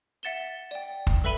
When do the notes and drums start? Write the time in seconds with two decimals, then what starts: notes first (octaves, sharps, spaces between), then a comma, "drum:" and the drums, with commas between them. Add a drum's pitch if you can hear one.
0.23 E5 F#5 A6 E7 G7
0.71 D5 G5
1.07 drum: kick
1.24 A4 B4 E5 B5 D#7 G7